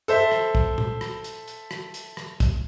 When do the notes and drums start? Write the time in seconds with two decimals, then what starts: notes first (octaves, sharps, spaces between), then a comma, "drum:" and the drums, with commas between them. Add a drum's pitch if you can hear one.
0.08 A4 C5 E5, drum: hi-hat
0.31 drum: rim click
0.55 drum: kick
0.78 drum: tom
1.01 drum: rim click
1.24 drum: hi-hat
1.47 drum: hi-hat
1.71 drum: rim click
1.94 drum: hi-hat
2.17 drum: rim click
2.40 drum: kick, hi-hat